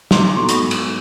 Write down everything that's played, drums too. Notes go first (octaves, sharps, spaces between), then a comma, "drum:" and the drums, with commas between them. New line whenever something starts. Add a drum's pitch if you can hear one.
C3 F#3, drum: snare
F#2
A#2 B3 D#4 F#4 A4
A2, drum: hi-hat
G2
G#2 F#3
drum: cymbal